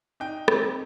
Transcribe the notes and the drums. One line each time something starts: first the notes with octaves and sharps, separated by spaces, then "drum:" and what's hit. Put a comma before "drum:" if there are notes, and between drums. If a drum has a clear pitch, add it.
D#4 G5
C4, drum: rim click